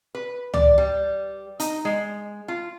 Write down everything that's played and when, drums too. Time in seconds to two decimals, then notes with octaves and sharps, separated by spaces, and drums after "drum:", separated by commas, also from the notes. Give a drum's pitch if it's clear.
0.15 B4
0.54 D5, drum: tom C#2
0.78 G3
1.60 D#4, drum: hi-hat
1.85 G#3
2.48 F4